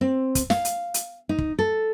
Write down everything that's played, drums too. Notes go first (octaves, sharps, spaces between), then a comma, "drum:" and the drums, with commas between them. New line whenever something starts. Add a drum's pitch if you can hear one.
C4
drum: kick, hi-hat
F5, drum: snare
drum: hi-hat
drum: hi-hat
D#4
drum: kick
A4